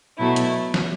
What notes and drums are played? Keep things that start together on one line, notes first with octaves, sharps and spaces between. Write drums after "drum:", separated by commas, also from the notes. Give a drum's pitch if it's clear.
B2 F#3 A3 E4
drum: hi-hat
drum: snare